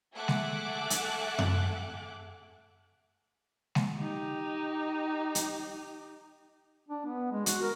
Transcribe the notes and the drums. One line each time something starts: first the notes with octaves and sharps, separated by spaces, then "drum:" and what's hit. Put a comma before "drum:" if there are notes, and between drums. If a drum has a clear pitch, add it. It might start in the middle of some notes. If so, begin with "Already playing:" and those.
A3 G#4 E5 F#5 D6 F#6
drum: snare
drum: hi-hat
drum: tom F#2
drum: snare
D#4 G4
drum: hi-hat
D4
B3
G#3
F#4, drum: hi-hat
A#4